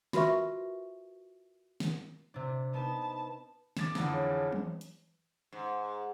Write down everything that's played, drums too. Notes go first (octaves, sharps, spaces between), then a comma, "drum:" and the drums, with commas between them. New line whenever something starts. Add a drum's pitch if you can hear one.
F4 F#4 A#4 B4 E5 C#6, drum: snare
drum: snare
C3 D4
B3 D#4 A5
D6 A6 E7, drum: snare
F2 D3 E3, drum: snare
C#3
drum: tom E3
drum: hi-hat
G#2